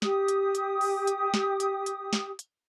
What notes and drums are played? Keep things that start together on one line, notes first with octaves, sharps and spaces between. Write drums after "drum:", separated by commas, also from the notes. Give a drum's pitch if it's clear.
G4 D#6, drum: snare
drum: hi-hat
drum: hi-hat
drum: open hi-hat
drum: hi-hat
drum: snare
drum: hi-hat
drum: hi-hat
drum: snare
drum: hi-hat